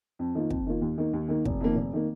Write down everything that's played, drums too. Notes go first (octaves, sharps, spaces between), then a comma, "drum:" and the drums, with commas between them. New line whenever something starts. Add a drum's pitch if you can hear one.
F2
D#3 A#3 F4
F2, drum: kick
D#3 A#3 F4
D#2
D#3 A#3
D#2
D#3 A#3
F1, drum: kick
F2 D#3 A#3
F1
D#3 A#3